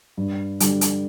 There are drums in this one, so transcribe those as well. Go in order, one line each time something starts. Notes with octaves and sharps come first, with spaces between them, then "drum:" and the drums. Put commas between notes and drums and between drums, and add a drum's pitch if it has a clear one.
G2
D3 G3, drum: hi-hat
drum: hi-hat